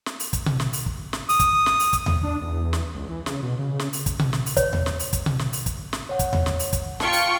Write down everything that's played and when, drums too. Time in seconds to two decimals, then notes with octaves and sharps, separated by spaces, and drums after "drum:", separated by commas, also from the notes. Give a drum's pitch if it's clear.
0.06 drum: snare
0.20 drum: open hi-hat
0.33 drum: kick, hi-hat
0.46 drum: tom B2
0.60 drum: snare
0.73 drum: open hi-hat
0.86 drum: kick
1.13 drum: snare
1.29 D#6, drum: open hi-hat
1.40 drum: kick, hi-hat
1.66 drum: snare
1.80 drum: open hi-hat
1.93 drum: kick, hi-hat
2.06 drum: tom D#2
2.23 D4
2.41 E2
2.73 drum: snare
2.94 C#2
3.09 E3
3.26 C#3, drum: snare
3.42 B2
3.59 C#3
3.79 drum: snare
3.93 drum: open hi-hat
4.06 drum: kick, hi-hat
4.19 drum: tom B2
4.33 drum: snare
4.46 drum: open hi-hat
4.57 C#5, drum: kick, hi-hat
4.73 drum: tom D#2
4.86 drum: snare
4.99 drum: open hi-hat
5.13 drum: kick, hi-hat
5.26 drum: tom B2
5.39 drum: snare
5.53 drum: open hi-hat
5.66 drum: kick, hi-hat
5.93 drum: snare
6.09 C#5 F#5
6.19 drum: kick, hi-hat
6.33 drum: tom D#2
6.46 drum: snare
6.59 drum: open hi-hat
6.73 drum: kick, hi-hat
7.00 F4 G5 A5 C#6, drum: snare
7.13 drum: open hi-hat